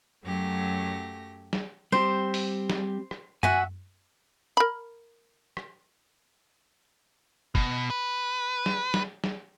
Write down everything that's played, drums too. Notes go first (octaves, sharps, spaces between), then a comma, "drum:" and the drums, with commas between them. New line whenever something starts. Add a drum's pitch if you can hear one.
F#2 F#3 A3 G4 A#6
drum: snare
G3 C4 G4 C5
drum: open hi-hat
drum: snare
drum: rim click
F#4 E5 F#5 G#5, drum: tom F#2
A#4 B5
drum: rim click
B2, drum: kick
B4
drum: snare
drum: snare
drum: snare